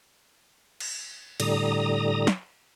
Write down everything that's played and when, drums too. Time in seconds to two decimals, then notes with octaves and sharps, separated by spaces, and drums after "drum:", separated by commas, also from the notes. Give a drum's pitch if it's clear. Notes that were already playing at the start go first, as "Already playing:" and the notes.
0.80 drum: cymbal
1.40 A2 D3 G3 A#5 D#6, drum: cymbal
2.27 drum: snare